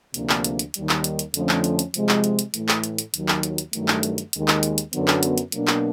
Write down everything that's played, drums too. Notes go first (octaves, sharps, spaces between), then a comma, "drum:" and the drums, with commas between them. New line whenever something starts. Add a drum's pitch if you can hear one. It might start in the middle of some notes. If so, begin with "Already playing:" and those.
D2 C3 F3 A#3 D4, drum: hi-hat
drum: clap
drum: hi-hat
drum: hi-hat
D#2 D#3 G3, drum: hi-hat
drum: clap
drum: hi-hat
drum: hi-hat
F2 D3 F3 A3 C#4, drum: hi-hat
drum: clap
drum: hi-hat
drum: hi-hat
C3 F3 G#3, drum: hi-hat
drum: clap
drum: hi-hat
drum: hi-hat
A2 E3 A3, drum: hi-hat
drum: clap
drum: hi-hat
drum: hi-hat
D#2 D#3 F#3, drum: hi-hat
drum: clap
drum: hi-hat
drum: hi-hat
G2 D#3 F#3 A3, drum: hi-hat
drum: clap
drum: hi-hat
drum: hi-hat
D#2 D#3 G#3, drum: hi-hat
drum: clap
drum: hi-hat
drum: hi-hat
F#2 D3 F#3 B3, drum: hi-hat
drum: clap
drum: hi-hat
drum: hi-hat
B2 F#3 A#3 D4, drum: hi-hat
drum: clap